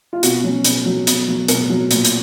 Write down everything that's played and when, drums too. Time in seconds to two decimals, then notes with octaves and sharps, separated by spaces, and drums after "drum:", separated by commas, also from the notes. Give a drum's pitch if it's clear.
0.13 F4
0.23 B2 F#4, drum: hi-hat
0.44 F#3 C#4
0.64 B2, drum: hi-hat
0.86 F#3
1.07 B2, drum: hi-hat
1.28 F#3
1.48 B2 A#4, drum: hi-hat
1.70 F#3
1.91 A#2, drum: hi-hat
2.05 drum: hi-hat